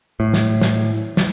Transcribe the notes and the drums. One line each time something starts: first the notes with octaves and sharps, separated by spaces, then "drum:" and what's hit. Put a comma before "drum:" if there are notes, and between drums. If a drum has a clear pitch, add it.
A2
drum: snare
drum: snare
drum: snare